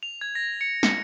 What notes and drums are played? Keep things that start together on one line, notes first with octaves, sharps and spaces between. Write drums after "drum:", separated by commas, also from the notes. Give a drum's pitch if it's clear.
F7
G#6
A#6
C#7
C#7, drum: snare